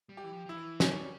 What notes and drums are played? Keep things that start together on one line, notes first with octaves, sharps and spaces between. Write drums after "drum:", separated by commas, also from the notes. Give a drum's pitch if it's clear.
G3
G4
E3
F3
F3 E4
E3
G3 C#4, drum: snare